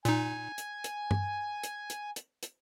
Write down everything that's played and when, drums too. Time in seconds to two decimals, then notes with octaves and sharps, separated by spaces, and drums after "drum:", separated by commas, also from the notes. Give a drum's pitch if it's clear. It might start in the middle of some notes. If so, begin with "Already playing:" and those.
0.05 A#2 D#4 G#5, drum: hi-hat
0.58 drum: hi-hat
0.84 drum: hi-hat
1.11 drum: tom G2
1.63 drum: hi-hat
1.90 drum: hi-hat
2.16 drum: hi-hat
2.43 drum: hi-hat